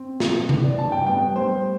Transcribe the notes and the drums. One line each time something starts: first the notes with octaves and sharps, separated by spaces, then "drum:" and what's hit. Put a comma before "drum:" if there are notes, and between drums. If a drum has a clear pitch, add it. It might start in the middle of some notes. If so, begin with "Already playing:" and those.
Already playing: C4
B2 F#3 A3, drum: snare
A2 E3 B3 E4, drum: tom C3
D5
G2 F#3 B3 A5
G5
A2 G3 B3 G5
A2 G3 B3 C5